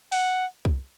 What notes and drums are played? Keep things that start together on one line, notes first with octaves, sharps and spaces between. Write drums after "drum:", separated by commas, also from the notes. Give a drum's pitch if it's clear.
F#5, drum: open hi-hat
drum: kick